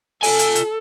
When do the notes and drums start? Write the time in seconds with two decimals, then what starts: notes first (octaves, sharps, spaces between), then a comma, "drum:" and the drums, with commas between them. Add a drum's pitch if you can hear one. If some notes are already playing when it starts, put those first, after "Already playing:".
0.23 F4 A4 G#5, drum: open hi-hat
0.39 drum: hi-hat
0.55 drum: hi-hat